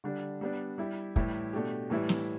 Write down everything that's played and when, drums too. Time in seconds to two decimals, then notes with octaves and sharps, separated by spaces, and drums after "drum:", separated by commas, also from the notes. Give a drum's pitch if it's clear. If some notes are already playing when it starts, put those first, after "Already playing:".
0.04 D3 G3 D4
0.41 G3 B3 D4
0.78 G3 E4 G4
1.16 A2 E3 G3 E4 G4, drum: kick
1.53 B2 A3 D4 G4
1.90 A2 E3 G3 E4
2.09 drum: snare